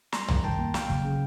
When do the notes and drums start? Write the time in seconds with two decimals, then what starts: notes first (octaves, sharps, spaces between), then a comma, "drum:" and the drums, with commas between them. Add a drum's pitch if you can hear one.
0.12 G3 A#5 C6, drum: snare
0.28 F#2, drum: tom
0.44 D#3 G5 A5
0.59 A#3
0.74 F#3 F5 G5, drum: snare
0.90 C#3, drum: kick
1.05 C#3